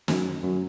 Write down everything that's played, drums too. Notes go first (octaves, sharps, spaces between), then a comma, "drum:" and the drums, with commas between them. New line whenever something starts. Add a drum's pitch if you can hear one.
F#2, drum: snare
F#2